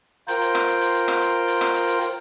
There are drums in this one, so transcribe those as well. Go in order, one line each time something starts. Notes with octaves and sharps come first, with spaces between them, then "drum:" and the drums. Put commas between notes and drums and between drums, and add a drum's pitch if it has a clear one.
F4 A#4 C5 G5, drum: hi-hat
drum: hi-hat
drum: rim click
drum: hi-hat
drum: hi-hat
drum: hi-hat
drum: rim click
drum: hi-hat
drum: hi-hat
drum: rim click
drum: hi-hat
drum: hi-hat
drum: hi-hat